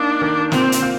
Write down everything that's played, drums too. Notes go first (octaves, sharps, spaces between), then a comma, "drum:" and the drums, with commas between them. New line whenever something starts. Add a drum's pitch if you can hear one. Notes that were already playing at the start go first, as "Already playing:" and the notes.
Already playing: A#3 D4 D#4
D#3
A#2 C4, drum: snare
drum: hi-hat
F4